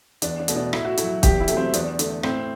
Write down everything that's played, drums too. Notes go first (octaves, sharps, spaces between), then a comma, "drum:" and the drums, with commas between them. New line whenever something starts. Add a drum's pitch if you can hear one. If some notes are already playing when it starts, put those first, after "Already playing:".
E2 D4, drum: hi-hat
D4
B2 A3, drum: hi-hat
D4
A2 E4, drum: rim click
F#4
A3 E4, drum: hi-hat
F#3
E2 G4, drum: kick, hi-hat
E4
C3 F#3 A3, drum: hi-hat
C4
E2 D4, drum: hi-hat
D3 A3, drum: hi-hat
A2 C4, drum: rim click